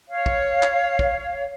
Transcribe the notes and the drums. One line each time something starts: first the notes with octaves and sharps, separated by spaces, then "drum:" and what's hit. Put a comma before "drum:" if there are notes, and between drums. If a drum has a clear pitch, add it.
C#5 F5
drum: kick
drum: clap
drum: kick